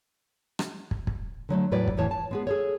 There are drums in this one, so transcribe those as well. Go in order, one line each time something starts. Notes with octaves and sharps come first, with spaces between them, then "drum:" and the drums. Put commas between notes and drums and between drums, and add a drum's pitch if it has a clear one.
drum: rim click
drum: kick
drum: kick
D3 F#3 G#3 A3
E2 A2 F#3 B4 C#5 D5
drum: kick
E2 A2 E3 C#5 A5
A5
G#3 B3 G#4
G#4 A4 C#5